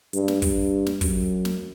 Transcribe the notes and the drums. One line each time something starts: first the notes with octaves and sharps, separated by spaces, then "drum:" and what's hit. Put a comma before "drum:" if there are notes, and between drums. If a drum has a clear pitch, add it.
G2, drum: hi-hat
drum: snare
G2, drum: kick, open hi-hat
drum: snare
F#2, drum: kick, open hi-hat
drum: snare